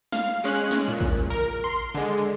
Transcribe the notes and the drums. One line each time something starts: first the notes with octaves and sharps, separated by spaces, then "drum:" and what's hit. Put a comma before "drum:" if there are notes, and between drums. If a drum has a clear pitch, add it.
F5, drum: snare
G#3 C#4 F#6
drum: snare
A#2
drum: kick, hi-hat
A#4, drum: open hi-hat
C6
D3 G#3
drum: hi-hat